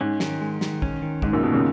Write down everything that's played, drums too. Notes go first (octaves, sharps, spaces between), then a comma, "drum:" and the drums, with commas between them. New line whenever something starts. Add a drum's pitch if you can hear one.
G#2 C#4
D#3, drum: snare
G#3
D#3, drum: snare
C#4, drum: kick
D#3
G#2 G#3, drum: kick
F#2 A#2
G#2 B2 D#3
A#2 C#3